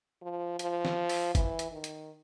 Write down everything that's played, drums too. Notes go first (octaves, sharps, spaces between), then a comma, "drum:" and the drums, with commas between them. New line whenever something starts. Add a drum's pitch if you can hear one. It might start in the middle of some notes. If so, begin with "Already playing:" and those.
F3
F3, drum: hi-hat
drum: snare
drum: open hi-hat
E3, drum: kick F#1, hi-hat
drum: hi-hat
D#3
drum: hi-hat